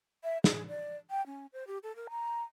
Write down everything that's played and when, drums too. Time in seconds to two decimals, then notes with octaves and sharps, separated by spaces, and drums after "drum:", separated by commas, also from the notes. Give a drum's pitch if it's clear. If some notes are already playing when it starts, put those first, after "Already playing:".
0.24 E5
0.44 G#4, drum: snare
0.68 D5
1.10 G5
1.26 C#4
1.53 C5
1.67 G4
1.83 A4
1.96 A#4
2.10 A#5